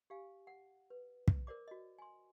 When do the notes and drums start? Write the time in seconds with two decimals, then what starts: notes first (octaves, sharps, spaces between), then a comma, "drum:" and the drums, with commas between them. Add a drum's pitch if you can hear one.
0.10 G4 F5 G#5
0.47 F#5
0.90 B4
1.28 drum: kick
1.47 A#4 C5 D5 D6
1.68 F#4 D#5
1.98 G#5 C6